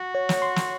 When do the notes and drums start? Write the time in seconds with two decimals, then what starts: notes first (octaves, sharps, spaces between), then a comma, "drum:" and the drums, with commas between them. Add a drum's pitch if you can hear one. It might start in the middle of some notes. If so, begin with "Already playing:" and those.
Already playing: F#4
0.15 C#5
0.29 C#5, drum: snare
0.42 C6
0.56 C6, drum: snare